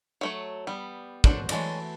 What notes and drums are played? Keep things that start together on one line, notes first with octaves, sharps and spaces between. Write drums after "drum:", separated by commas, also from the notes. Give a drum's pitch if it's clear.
F#3 A3 C#5
G3 B3
F#3 D4 F#4 A4 C5, drum: kick
E3 F#3 G#3 A3 E4 D5, drum: cymbal